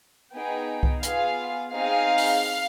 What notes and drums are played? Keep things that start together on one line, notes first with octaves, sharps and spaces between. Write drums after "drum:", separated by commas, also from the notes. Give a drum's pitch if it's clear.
B3 D#4 G#4 G5
drum: kick C2
B3 F4 G#4 F5, drum: hi-hat
C4 D#4 G#4 F5
drum: open hi-hat